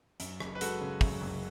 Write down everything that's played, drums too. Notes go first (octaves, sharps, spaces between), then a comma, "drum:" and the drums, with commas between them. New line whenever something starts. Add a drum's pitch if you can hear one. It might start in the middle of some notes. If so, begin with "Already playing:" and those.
F#2, drum: hi-hat
F#1, drum: rim click
B4
G#3 F#4 A4, drum: hi-hat
C#3
F#2, drum: kick, open hi-hat
F#1